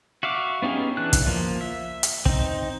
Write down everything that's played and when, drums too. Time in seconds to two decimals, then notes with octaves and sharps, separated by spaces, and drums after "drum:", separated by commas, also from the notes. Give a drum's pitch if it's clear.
0.23 F#4 E5 F5 D6
0.62 B3 C#4 D#4 G4 G#4
0.97 E3 D4 F#6
1.13 drum: kick, hi-hat
1.26 F3 A#3
1.61 E5
2.03 drum: hi-hat
2.25 C4 D#4, drum: kick